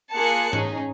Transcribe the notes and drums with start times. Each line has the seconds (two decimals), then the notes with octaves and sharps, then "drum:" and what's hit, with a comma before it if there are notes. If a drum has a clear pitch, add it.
0.15 A#3 F4 G#4 A5 F#6 C#7
0.53 C#4 D#4 G#4, drum: tom G#2